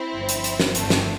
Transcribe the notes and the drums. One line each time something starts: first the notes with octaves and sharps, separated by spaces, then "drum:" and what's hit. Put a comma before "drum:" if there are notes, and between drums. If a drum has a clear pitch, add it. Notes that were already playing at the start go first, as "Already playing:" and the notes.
Already playing: C4 E4
G1 G2 F3
drum: hi-hat
drum: hi-hat
drum: snare
G1 F2 D3 F3 A3 C4, drum: hi-hat
drum: snare